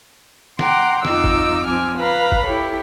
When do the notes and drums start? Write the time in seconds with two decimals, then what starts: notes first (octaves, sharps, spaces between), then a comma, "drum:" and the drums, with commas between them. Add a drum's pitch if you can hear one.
0.59 F#5 G5 A#5 C6 D6, drum: snare
1.05 F2 D#4 F4 D#5 D6 E6, drum: snare
1.24 drum: kick G1
1.66 F3 C4 G#5 D6 F6
1.98 B4 F5 A#5 B5
2.32 drum: kick G1
2.46 E4 G4 A4 C#5